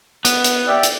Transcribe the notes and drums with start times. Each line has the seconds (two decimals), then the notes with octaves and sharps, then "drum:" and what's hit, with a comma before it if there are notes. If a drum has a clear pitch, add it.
0.25 B3, drum: hi-hat
0.44 drum: hi-hat
0.67 G4 D5 E5
0.83 drum: hi-hat